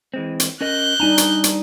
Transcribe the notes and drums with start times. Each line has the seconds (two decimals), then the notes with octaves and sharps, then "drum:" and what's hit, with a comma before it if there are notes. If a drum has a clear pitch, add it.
0.14 E3 G#3 C4
0.40 drum: hi-hat
0.61 C#4 A#4 D#5 F#6 G6
1.00 G3 D4 D#4 G#5 A#5
1.18 drum: hi-hat
1.44 drum: hi-hat